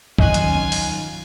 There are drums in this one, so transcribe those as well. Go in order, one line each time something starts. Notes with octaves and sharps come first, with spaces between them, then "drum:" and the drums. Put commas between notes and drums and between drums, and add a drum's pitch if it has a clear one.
D#3 F#3 C#4 F4 D#5 G#5 F#6, drum: kick
drum: hi-hat
drum: open hi-hat